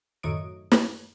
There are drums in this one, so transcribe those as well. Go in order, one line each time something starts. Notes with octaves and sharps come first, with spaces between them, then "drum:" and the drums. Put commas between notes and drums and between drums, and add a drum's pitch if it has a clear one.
F#2 A2 D#3 C#5 D#6 D7
drum: snare